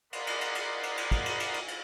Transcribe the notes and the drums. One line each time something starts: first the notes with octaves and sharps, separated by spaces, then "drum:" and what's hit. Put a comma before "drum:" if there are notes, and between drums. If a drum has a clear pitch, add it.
A#4 D5 D#5 F#5 B5 C6, drum: cymbal
drum: cymbal
drum: cymbal
drum: cymbal
drum: cymbal
drum: cymbal
drum: kick, cymbal
drum: cymbal
drum: cymbal
drum: cymbal
drum: cymbal